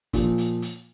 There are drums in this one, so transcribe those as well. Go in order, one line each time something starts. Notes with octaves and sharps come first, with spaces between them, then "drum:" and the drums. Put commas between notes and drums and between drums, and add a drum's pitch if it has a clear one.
A#2 F3, drum: kick, hi-hat
drum: hi-hat
drum: hi-hat